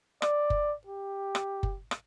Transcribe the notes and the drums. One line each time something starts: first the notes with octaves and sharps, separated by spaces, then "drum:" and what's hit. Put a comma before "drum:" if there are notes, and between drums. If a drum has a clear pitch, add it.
D5, drum: rim click
drum: kick F#1
G4
drum: rim click
drum: kick F#1
drum: rim click